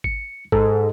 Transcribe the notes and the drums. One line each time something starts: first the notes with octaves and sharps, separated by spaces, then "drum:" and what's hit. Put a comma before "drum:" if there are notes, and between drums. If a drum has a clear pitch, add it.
C#7, drum: kick G#1
G#2 A4, drum: kick G#1